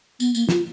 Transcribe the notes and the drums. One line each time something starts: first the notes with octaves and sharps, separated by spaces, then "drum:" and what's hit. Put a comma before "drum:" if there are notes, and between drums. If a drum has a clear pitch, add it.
B3, drum: tambourine
A#3, drum: tambourine
F4, drum: snare